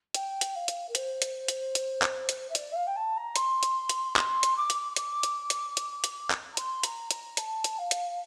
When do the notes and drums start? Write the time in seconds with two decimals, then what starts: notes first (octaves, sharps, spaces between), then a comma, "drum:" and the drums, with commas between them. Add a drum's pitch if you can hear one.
0.15 G5, drum: hi-hat
0.41 drum: hi-hat
0.55 F5
0.68 drum: hi-hat
0.88 A#4
0.95 C5, drum: hi-hat
1.22 drum: hi-hat
1.48 drum: hi-hat
1.75 drum: hi-hat
2.02 drum: clap
2.29 drum: hi-hat
2.49 E5
2.55 D5, drum: hi-hat
2.71 E5
2.75 F5
2.86 G5
2.96 A5
3.16 A#5
3.36 C6, drum: hi-hat
3.63 drum: hi-hat
3.89 drum: hi-hat
4.16 C6, drum: clap
4.43 drum: hi-hat
4.56 D6
4.70 drum: hi-hat
4.96 D6, drum: hi-hat
5.23 drum: hi-hat
5.50 drum: hi-hat
5.77 drum: hi-hat
6.04 drum: hi-hat
6.31 drum: clap
6.53 A#5
6.57 C6, drum: hi-hat
6.83 A#5, drum: hi-hat
7.11 A#5, drum: hi-hat
7.37 A5, drum: hi-hat
7.64 drum: hi-hat
7.78 F5
7.91 drum: hi-hat